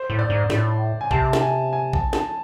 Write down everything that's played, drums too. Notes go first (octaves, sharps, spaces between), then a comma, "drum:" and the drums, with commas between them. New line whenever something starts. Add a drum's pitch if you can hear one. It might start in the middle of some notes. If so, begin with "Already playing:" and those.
Already playing: C5
A2
D5
G#2
A2, drum: snare
G#5
C3 A5, drum: kick A#1
A5, drum: snare
G#5
G#5
A5, drum: kick A#1
A5, drum: snare